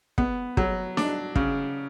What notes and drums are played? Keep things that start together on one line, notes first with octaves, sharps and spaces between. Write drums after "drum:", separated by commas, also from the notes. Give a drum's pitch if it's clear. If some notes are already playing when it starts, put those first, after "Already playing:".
B3, drum: kick
F#3, drum: kick
D4, drum: snare D#4
C#3, drum: kick